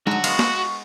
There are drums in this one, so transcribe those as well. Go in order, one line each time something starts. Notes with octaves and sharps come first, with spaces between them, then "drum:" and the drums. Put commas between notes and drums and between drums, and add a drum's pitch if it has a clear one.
D3 F#3 G#3 D#4 F#4
G#3 B3 F5 C#6, drum: cymbal
drum: snare